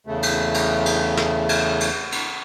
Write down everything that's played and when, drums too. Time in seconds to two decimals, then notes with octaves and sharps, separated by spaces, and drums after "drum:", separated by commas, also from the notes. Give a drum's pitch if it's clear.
0.07 E2 C#3 A3
0.23 drum: cymbal
0.54 drum: cymbal
0.86 drum: cymbal
1.17 drum: snare
1.49 drum: cymbal
1.80 drum: cymbal
2.12 drum: cymbal